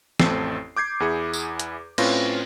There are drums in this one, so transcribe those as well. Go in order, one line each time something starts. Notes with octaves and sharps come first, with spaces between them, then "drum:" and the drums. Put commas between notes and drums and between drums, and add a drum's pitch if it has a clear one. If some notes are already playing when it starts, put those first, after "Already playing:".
A1 F2 A3 C4 A4 C7, drum: snare
D6 G6 G#6 C7
E2 E4 G#4 C#7
drum: tambourine
drum: hi-hat
A2 C4 C#4 F4 B4 A#6, drum: cymbal